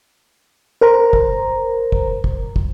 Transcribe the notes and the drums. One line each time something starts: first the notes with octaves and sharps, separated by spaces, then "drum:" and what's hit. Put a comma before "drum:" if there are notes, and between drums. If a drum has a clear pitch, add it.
A#4 C5 A#5
drum: kick
drum: kick
drum: kick
drum: kick